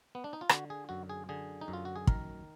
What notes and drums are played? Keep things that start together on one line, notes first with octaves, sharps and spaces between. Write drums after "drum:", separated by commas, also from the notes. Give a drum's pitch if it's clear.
B3
D4
D#4
F4
D3 F#4, drum: rim click
G#4
F#2 F#4
G#4
D3 G#4
D#4
F#2
F4
F#4
G#4
D#3 A#4, drum: kick